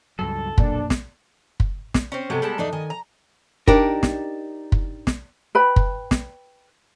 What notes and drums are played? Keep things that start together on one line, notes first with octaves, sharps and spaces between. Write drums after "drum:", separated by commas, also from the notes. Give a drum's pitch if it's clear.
C#2 G2 F#3 A4
B1 F2 A#2 A#3 D4, drum: kick
drum: snare
drum: kick
drum: snare
C4 C#4
C3 F#3 G#3 B3 A4
G3 G#3 A5
E2 A3 D4 D#4
D#3 D#5 G#5
A#5
D4 D#4 G4 A#4, drum: kick
drum: snare
drum: kick
drum: snare
B4 G5 B5
drum: kick
drum: snare